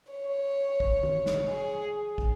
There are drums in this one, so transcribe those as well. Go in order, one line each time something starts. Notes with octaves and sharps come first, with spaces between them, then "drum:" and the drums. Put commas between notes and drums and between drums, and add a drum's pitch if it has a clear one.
C#5
drum: kick
drum: tom D#3
drum: snare
G#4
drum: kick